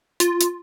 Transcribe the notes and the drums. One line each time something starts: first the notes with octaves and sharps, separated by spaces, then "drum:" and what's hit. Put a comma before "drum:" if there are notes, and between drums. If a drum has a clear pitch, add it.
F4, drum: hi-hat
drum: hi-hat